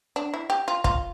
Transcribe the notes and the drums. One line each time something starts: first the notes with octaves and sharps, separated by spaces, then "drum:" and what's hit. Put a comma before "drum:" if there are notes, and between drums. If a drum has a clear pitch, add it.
D4
E4
G4
F4
F4, drum: kick